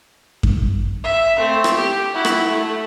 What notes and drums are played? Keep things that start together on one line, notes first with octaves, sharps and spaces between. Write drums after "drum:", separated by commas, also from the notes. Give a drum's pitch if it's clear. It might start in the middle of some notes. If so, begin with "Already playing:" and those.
drum: kick F#2
E5
A3 C4
drum: rim click
G4
E4 F#4
drum: rim click
A3